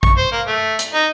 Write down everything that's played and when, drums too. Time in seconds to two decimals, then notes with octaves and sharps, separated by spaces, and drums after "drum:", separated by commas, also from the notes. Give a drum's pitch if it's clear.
0.03 C#6, drum: kick
0.17 C5
0.32 A#3
0.47 A3
0.79 drum: hi-hat
0.94 D#4